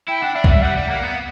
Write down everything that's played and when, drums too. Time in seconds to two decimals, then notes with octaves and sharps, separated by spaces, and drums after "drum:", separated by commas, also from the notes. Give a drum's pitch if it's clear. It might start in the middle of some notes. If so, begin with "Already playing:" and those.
0.09 E4 G5
0.21 D4 F#5
0.35 D4 E5
0.44 F#3, drum: kick
0.49 G3 E5
0.62 G3 F#5
0.76 G3
0.89 A#3 F#5
1.03 B3